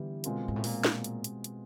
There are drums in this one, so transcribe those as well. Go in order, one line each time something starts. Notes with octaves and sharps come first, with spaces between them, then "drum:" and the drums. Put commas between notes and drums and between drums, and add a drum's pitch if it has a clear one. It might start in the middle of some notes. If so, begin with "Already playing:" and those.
Already playing: D3 E3 G3 B3
B2 G#3 C4 F4 A#4, drum: hi-hat
G#2
A2
A#2, drum: open hi-hat
drum: snare
drum: hi-hat
drum: hi-hat
drum: hi-hat